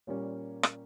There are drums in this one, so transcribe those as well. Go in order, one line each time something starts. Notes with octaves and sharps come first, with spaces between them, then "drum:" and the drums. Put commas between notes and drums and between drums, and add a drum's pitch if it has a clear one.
A#2 G3 A#3 C#4 C#5
drum: rim click